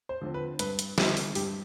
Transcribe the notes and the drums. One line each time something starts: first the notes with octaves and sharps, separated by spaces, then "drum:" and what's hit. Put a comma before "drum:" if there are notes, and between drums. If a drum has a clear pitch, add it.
C5
D3 F3 C4
B4
G2 B4, drum: hi-hat
drum: hi-hat
D3 G3 C4 E4, drum: snare
drum: open hi-hat
G2 G4, drum: open hi-hat